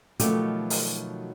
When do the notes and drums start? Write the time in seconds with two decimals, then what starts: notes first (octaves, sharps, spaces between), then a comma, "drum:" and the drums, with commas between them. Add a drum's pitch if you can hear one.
0.19 B2 D#3 F3 F#3 A3 G4, drum: hi-hat
0.70 drum: open hi-hat